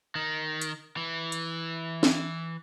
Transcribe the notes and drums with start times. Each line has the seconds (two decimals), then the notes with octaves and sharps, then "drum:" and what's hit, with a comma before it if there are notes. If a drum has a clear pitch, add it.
0.15 D#3
0.62 drum: hi-hat
0.97 E3
1.32 drum: hi-hat
2.03 drum: snare